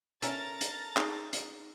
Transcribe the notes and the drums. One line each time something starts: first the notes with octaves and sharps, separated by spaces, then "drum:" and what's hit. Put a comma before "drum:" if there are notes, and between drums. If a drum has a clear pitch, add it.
C#4 A4 A#4 E5 G#5 A#5 A6, drum: hi-hat
drum: hi-hat
D#4 G#4, drum: clap
drum: hi-hat